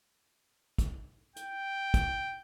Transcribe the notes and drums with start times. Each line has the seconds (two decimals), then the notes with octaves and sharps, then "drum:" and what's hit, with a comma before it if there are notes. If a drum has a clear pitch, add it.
0.78 drum: kick, hi-hat
1.36 G5, drum: hi-hat
1.94 drum: kick, hi-hat